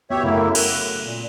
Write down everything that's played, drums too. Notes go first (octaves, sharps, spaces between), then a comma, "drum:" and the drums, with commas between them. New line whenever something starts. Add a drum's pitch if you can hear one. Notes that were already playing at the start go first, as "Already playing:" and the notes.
B3 F#4 G4 C#5 E5
F#2 C#3 A3 A#3 E4
F#6, drum: cymbal
A#2